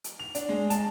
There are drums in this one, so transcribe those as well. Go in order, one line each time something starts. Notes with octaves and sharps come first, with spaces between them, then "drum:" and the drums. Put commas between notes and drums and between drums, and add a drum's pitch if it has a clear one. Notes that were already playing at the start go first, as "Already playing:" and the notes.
drum: hi-hat
F7
D4, drum: hi-hat
G#3
A5, drum: hi-hat